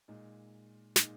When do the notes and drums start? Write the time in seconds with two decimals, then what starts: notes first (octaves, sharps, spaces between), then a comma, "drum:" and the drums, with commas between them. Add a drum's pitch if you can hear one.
0.08 A#2 G#3 D#4
0.96 A#2 G#3 D#4, drum: snare